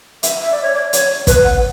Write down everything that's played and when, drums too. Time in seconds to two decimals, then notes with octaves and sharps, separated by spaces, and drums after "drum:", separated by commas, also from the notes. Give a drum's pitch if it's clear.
0.23 E5, drum: hi-hat
0.41 E5
0.52 D5
0.63 C#5
0.74 D5
0.93 C#5, drum: hi-hat
1.27 B4, drum: kick, hi-hat
1.44 F#5